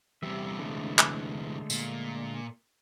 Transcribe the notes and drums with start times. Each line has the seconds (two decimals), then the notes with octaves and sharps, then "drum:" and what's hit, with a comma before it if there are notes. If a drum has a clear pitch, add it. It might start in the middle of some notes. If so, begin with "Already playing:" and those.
0.23 E2 C3 G3 E5
0.59 D3 G#3 A3
0.99 drum: clap
1.70 A#2, drum: tambourine